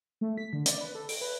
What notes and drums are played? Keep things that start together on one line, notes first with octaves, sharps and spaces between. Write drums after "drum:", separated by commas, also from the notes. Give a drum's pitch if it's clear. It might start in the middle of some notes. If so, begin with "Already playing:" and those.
A3
B6
D3
D5, drum: hi-hat
B4
A4
D7, drum: open hi-hat
B4